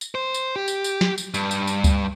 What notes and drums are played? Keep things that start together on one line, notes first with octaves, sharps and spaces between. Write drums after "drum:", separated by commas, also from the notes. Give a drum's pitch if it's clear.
drum: tambourine
C5
drum: tambourine
G4
drum: tambourine
drum: tambourine
drum: snare
drum: tambourine
G2, drum: tambourine
drum: tambourine
drum: tambourine
drum: kick C#2, tambourine